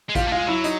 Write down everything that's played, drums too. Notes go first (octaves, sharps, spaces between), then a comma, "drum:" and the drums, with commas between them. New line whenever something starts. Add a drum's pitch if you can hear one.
G#3
G3 F4, drum: kick A1, hi-hat
A3
G#3 F4
F#3 E4
D#4, drum: hi-hat